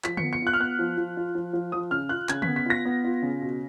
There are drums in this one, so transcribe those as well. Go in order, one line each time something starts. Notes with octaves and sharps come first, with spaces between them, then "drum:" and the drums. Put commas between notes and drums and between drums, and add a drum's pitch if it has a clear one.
F3 B6, drum: clap
C#7, drum: tom D3
B3
C#7
F4 F#6
F6
B3 F#6
F3
F3
F4
F3
F3
F3 D#6
C#3 F6
F4 F#6
C#3 G#6, drum: clap
B6, drum: tom D3
B3
B6
F4 A#6
B3
F4
C#3
B2